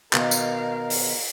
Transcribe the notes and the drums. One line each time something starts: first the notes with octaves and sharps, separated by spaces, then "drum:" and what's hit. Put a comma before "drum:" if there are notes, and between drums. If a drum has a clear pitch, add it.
B2 D#3 A#4 F5, drum: clap
drum: tambourine
drum: open hi-hat